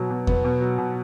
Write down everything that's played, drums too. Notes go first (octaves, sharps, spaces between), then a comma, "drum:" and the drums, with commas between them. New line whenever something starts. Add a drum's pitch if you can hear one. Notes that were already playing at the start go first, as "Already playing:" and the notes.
Already playing: B2 F#3 B3
B2
B3, drum: kick E2
B2
F#3
B2